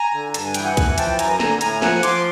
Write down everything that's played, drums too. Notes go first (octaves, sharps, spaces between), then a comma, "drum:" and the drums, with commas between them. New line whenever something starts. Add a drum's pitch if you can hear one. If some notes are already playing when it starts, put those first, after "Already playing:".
Already playing: G#5 A#5
D3
G2 A5, drum: hi-hat
G#5
E3 G5, drum: hi-hat
F#5 G#5
E3, drum: kick, hi-hat
G#5
F3 G5 A5, drum: hi-hat
F#2 G#5 A#5, drum: hi-hat
D3 G#5 A#5, drum: snare
A2 G#5 A#5, drum: hi-hat
F3 F#5 G#5, drum: snare
F3 C6 D6, drum: hi-hat